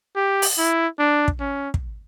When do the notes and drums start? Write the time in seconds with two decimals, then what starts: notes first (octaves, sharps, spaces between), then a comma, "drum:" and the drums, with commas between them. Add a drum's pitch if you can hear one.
0.16 G4
0.42 drum: open hi-hat
0.58 E4
0.99 D4
1.28 drum: kick
1.40 C#4
1.74 drum: kick